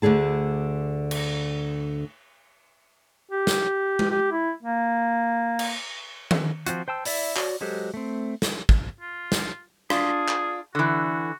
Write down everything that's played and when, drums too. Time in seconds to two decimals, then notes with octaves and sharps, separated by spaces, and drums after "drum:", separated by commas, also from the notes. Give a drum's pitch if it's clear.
0.02 D2 B2 D3 G#4 A5
1.11 drum: cymbal
3.32 G4
3.47 drum: snare
3.99 drum: tom G#3
4.10 G4
4.32 E4
4.63 A#3
5.59 drum: cymbal
6.31 drum: tom D#3
6.67 F3 C4 F4 F#4, drum: hi-hat
6.88 C5 G5 A5 E6
7.05 E4 D5 E5, drum: open hi-hat
7.36 F#4 C#5 D5, drum: clap
7.61 F#3 G#3 G4 A4 C5
7.94 A3 C4
8.42 drum: snare
8.69 drum: kick
9.01 F4
9.32 drum: snare
9.90 D4 F4 G#4, drum: rim click
10.28 drum: clap
10.75 D3 E3 F#4